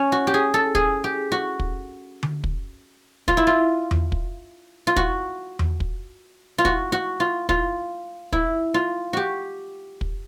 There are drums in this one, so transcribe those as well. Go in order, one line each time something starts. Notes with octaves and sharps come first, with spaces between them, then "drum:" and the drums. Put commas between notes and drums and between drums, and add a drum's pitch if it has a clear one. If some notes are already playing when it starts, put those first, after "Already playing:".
Already playing: C#4
F#4
G4
G#4
A4
G#4, drum: kick
G4
F#4
drum: kick
drum: tom D3
drum: kick
F4, drum: kick
E4
F4
drum: tom E2
drum: kick
F4
F#4, drum: kick
drum: tom E2
drum: kick
F4
F#4, drum: kick
F#4
F4
F4, drum: kick
E4, drum: kick
F4
F#4 G4
drum: kick